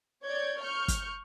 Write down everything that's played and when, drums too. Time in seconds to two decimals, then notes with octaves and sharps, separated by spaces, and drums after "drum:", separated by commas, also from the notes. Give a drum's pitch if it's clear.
0.24 C#5 D5 G6 G#6
0.60 C#6 F6 G6
0.88 drum: kick, hi-hat